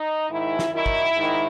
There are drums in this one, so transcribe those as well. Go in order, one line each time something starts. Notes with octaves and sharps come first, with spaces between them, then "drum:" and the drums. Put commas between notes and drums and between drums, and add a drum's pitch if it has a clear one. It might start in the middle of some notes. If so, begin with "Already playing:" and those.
Already playing: D#4
G#2 D#3 E4
drum: snare
F#2 D#3 E4
drum: kick
G#2 D#3